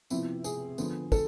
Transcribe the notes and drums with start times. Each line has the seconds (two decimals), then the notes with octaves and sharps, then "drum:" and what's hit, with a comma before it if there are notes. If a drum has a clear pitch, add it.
0.10 C3 F3 B3 E4, drum: tambourine
0.44 G#4, drum: tambourine
0.78 D3 F3 B3, drum: tambourine
1.12 A4, drum: kick, tambourine